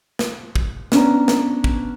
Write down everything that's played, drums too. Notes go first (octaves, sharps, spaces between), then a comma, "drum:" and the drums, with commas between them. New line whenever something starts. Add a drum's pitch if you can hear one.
drum: snare
drum: kick
B3 C#4 D4 A#5, drum: snare
drum: snare
drum: kick